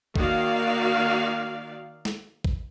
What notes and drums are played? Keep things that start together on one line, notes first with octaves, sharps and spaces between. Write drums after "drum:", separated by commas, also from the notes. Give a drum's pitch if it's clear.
D#3 A#3 F#4 D5 F5, drum: kick
drum: snare
drum: kick